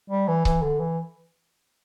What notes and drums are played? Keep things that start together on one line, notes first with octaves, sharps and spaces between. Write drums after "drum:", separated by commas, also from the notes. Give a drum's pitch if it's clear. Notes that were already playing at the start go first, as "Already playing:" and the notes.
G3
E3
E3, drum: kick C#1
D3
E3